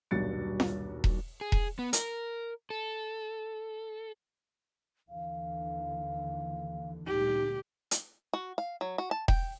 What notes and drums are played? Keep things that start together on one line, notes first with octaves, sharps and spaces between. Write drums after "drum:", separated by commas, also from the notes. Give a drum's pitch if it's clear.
D#1 B1 G2 F#4 A6 C#7
drum: snare
drum: kick E1
G#4
drum: kick E1
B3
A#4, drum: hi-hat
A4
D#2 D3 E3 F5
D2 A#2 G3 D#4 G4
drum: hi-hat
F#4
F5
F#3
F#4
A5
G5, drum: kick E1